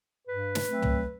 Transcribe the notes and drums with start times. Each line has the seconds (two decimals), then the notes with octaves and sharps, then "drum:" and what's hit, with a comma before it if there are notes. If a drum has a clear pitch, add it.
0.27 G2 B4
0.55 drum: snare
0.68 F#3 A3 C4
0.82 drum: tom